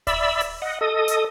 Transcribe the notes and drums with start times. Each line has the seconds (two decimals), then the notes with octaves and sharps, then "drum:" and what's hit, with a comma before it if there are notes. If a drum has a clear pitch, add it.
0.07 D5 E5 B5 E6, drum: kick D#1, open hi-hat
0.40 drum: open hi-hat
0.62 D#5 F#5
0.81 A4 D#5 D#6
1.08 drum: hi-hat